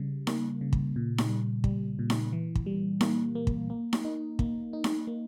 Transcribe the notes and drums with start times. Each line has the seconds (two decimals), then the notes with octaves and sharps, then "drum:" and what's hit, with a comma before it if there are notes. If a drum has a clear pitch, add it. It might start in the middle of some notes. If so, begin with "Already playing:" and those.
Already playing: C#3 G3
0.27 A#3, drum: snare D#4
0.61 C#3
0.73 drum: kick
0.96 A#2
1.18 drum: snare D#4
1.29 G3
1.64 G3, drum: kick
1.99 A#2
2.10 drum: snare D#4
2.33 E3
2.55 drum: kick
2.66 G3
3.01 A#3, drum: snare D#4
3.35 A#3
3.47 drum: kick
3.70 A#3
3.93 drum: snare D#4
4.05 D#4
4.39 A#3, drum: kick
4.73 D#4
4.84 drum: snare D#4
5.07 A#3